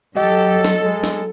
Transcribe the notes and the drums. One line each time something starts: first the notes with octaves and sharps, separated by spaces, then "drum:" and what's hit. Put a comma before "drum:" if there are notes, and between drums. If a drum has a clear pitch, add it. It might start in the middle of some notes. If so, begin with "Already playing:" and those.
F#3 G4 A4 D#5
drum: snare
G#3
drum: snare